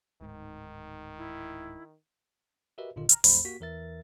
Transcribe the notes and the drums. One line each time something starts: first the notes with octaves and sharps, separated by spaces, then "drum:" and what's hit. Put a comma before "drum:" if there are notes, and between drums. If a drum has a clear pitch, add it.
D1 G#2 D#3
E4
F#4 G4 A#4 B4 D#5 E5
G1 A#2 D3 D#3 F4 D#5
A#5 F6, drum: hi-hat
B1 F2 A3 C5 B5, drum: open hi-hat
A#3 F#4 G4 B6
E2 E3 A#4 E5 A6